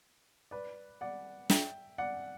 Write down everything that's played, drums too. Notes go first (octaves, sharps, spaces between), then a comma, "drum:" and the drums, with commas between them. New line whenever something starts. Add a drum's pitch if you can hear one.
B4 D5
D5 F#5
E5 G5, drum: snare
D5 F#5